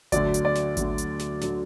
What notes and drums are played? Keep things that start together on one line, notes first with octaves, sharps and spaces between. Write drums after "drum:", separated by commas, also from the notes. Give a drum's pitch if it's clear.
D2 D3 F#3 D5, drum: kick G#1, hi-hat
drum: hi-hat
D5
drum: snare
D2 D3 F#3, drum: kick G#1, hi-hat
drum: hi-hat
drum: snare
D3 F#3, drum: snare